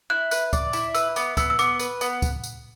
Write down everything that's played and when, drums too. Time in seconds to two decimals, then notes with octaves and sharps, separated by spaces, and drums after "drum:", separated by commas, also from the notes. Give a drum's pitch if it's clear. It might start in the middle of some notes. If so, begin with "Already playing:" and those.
0.10 E4 F#6
0.31 B4 F#6, drum: tambourine
0.53 D5, drum: kick, tambourine
0.73 E4, drum: tambourine
0.95 B4 E6, drum: tambourine
1.16 B3 D6, drum: tambourine
1.37 B3 E6, drum: kick, tambourine
1.50 E6
1.59 B3 D6, drum: tambourine
1.79 B4, drum: tambourine
2.01 B3, drum: tambourine
2.22 drum: kick, tambourine
2.44 drum: tambourine